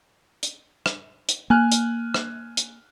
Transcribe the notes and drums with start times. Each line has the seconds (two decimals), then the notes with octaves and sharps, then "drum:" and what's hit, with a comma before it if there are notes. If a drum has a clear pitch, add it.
0.43 drum: hi-hat
0.86 drum: rim click
1.29 drum: hi-hat
1.50 A#3 G#5 F6 F#6
1.72 drum: hi-hat
2.14 drum: rim click
2.57 drum: hi-hat